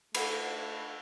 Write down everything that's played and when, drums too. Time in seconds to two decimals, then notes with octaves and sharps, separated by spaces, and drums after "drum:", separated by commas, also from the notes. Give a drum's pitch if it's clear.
0.15 A3 A4 F#5 B5, drum: cymbal